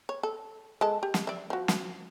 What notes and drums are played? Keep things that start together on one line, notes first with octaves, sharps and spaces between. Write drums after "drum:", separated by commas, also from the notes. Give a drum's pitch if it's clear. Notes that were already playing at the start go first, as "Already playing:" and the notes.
C#5
A4
G#3 A4 A5
G4
drum: snare
D5 E5
F3 F#4
drum: snare